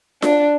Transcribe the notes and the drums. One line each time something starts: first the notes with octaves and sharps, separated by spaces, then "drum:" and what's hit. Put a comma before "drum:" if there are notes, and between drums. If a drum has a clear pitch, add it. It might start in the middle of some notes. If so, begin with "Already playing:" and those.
D4, drum: snare F4